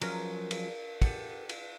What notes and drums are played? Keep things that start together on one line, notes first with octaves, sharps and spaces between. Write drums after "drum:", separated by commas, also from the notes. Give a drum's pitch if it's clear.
F3 F#3 C#4 A#4, drum: cymbal
drum: cymbal
G4 A4 F#5, drum: kick, cymbal
drum: cymbal